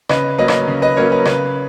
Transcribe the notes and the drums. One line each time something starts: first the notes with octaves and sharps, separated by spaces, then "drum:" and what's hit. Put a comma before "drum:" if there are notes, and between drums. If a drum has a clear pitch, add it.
C#3 B4 D#5, drum: rim click
F#3 A#3 C#4 B4 D#5
drum: rim click
C#3
B4 D#5
F#3 A#3 C#4 A#4 C#5
B4
C#3 B4, drum: rim click